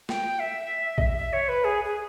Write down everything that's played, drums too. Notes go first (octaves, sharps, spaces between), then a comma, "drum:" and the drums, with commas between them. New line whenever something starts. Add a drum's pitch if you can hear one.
G5, drum: snare
E5
D#5, drum: kick A#1
E5
E5
C#5
B4
G#4
G#4